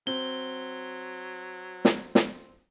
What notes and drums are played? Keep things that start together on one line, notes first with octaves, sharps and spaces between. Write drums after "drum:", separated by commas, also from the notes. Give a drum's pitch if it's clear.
F#3 C4 G7
drum: snare
drum: snare